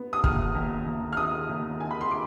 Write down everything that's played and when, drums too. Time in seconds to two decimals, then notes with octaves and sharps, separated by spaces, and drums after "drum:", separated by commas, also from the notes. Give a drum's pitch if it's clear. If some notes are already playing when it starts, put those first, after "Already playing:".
Already playing: B3
0.13 D#6
0.24 D#2 F6, drum: kick
0.55 D#2
0.86 D#2
1.13 F6
1.17 D#3 D#6
1.49 D#2
1.80 D#3 G#5
1.91 B5
2.01 C6
2.11 D6